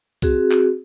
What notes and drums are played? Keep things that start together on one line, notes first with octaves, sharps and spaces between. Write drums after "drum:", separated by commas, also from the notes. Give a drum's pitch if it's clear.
C4 F#4 G#4, drum: kick C2, hi-hat
drum: clap